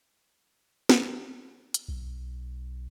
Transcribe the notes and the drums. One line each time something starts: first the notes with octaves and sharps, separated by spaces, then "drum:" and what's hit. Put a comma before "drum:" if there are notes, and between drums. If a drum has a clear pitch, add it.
drum: snare
drum: hi-hat
B1